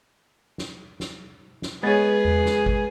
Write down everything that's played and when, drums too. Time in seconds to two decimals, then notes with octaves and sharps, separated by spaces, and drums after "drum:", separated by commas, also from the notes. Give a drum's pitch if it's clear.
0.58 drum: snare
1.00 drum: snare
1.62 drum: snare
1.83 G#3 B3 G#4 B4 C#5 A6
2.25 drum: tom E2
2.46 drum: snare
2.66 drum: kick